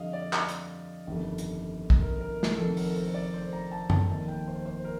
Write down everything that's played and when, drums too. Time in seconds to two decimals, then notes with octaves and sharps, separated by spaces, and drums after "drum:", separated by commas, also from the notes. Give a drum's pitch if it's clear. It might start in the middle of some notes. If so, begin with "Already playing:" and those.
Already playing: F2 D3 G3 D#5 F5
0.13 D5
0.33 drum: clap
0.49 drum: hi-hat
1.07 G1 F2 D#3 G3
1.38 drum: hi-hat
1.90 drum: kick A#1
2.01 A#4
2.21 A#4
2.43 drum: snare
2.57 F1 F2 D#3 A4
2.77 A#4, drum: open hi-hat
2.96 C5
3.14 D5
3.34 C5
3.53 A#5
3.71 A5
3.90 A5, drum: tom F#2
4.09 F1 D#2 D#3 A5
4.28 G5
4.48 C5
4.65 C5
4.84 A#4